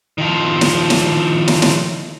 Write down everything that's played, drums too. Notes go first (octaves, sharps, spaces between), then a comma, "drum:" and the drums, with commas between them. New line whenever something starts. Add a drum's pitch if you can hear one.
D#3 F3
drum: snare
drum: snare
drum: snare
drum: snare